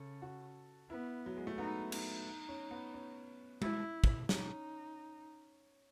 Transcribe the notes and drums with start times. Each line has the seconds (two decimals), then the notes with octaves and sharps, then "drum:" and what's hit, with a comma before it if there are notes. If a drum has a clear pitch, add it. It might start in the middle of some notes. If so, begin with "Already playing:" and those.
Already playing: C#3 A4
0.22 F#4
0.89 B3 E4
1.26 F#3
1.37 G#3
1.47 A3
1.58 B3 D#4
1.92 D#4, drum: cymbal
2.48 C#4
2.71 B3
2.94 C#4
3.62 E4, drum: tom G#3
4.04 drum: kick
4.29 C#4 D#4, drum: snare